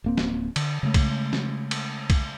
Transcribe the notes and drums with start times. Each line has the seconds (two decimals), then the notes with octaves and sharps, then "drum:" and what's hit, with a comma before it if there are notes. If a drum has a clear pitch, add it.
0.04 D1 A#3 C4
0.18 drum: snare
0.56 D3, drum: cymbal
0.83 C#3 G#3 A3
0.94 drum: kick B1, cymbal
1.33 drum: snare
1.71 drum: cymbal
2.10 drum: kick B1, cymbal